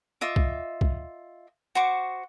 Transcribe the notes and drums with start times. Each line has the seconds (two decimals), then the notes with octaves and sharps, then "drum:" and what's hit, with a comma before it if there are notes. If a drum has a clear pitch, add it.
0.21 F4 D#5 E5 D6
0.36 drum: kick
0.81 drum: kick
1.75 F#4 C5 C#6 D6